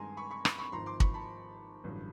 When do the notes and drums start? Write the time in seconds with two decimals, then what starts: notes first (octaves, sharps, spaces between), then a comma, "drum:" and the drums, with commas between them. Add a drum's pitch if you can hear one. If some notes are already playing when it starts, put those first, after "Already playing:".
Already playing: G2 D#3 G#3 G#5 A#5 C6
0.17 B5 C#6
0.31 B5 C#6
0.45 B5 C#6, drum: rim click
0.58 B5 C#6
0.72 G#1 G#2 F3 A#5 C6
0.86 C6 D6
1.00 B5 C#6, drum: kick
1.14 A5 B5
1.84 A1 G2 D3 F#3